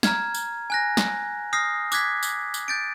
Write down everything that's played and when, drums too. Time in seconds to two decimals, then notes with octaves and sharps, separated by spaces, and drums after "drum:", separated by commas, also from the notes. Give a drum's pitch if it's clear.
0.03 A#5 F6 G#6, drum: snare
0.34 drum: tambourine
0.70 G#5 F#6 A#6
0.97 drum: snare
1.53 D#6 F6 G6 A#6 C7
1.92 D6 F#6 G#6 B6, drum: tambourine
2.23 drum: tambourine
2.54 drum: tambourine
2.68 G6 A6 D7